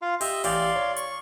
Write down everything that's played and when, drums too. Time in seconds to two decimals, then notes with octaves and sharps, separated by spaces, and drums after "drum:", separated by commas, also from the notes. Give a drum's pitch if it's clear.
0.02 F4 F5
0.21 G4 D#5 E5, drum: open hi-hat
0.44 A1 G4 D5 F5 C6, drum: open hi-hat
0.76 C#5
0.96 C#6, drum: hi-hat